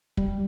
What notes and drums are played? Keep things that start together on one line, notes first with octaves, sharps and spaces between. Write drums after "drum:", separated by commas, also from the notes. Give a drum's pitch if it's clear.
G3, drum: kick